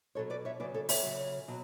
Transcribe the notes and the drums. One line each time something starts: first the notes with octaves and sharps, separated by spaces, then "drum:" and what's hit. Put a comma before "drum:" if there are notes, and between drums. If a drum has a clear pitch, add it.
B2 F#3 A4 C#5
B4 D5
C#5 E5
C#3 F#3 B4 D5
A4 C#5
C#5 E5, drum: open hi-hat
C#3 F#3
B2 F#3